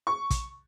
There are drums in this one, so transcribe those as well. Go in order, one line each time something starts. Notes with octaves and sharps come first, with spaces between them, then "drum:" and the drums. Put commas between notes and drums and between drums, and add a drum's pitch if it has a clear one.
C#6
drum: kick, hi-hat